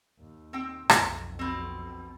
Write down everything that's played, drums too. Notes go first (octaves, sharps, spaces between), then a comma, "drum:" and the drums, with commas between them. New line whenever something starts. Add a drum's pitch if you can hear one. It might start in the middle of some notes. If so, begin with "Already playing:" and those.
D#2
C4 G5
B1 F2, drum: rim click
B2 C4